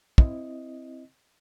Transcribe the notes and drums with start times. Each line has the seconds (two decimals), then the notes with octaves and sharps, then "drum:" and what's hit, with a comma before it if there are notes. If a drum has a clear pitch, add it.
0.18 C4 E4 D#5, drum: kick